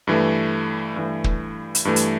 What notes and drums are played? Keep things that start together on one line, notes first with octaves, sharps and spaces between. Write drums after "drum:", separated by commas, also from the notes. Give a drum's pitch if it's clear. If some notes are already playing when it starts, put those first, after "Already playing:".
G2 E3 A3
G2 E3 A3
drum: kick
drum: hi-hat
G2 E3 A3
drum: hi-hat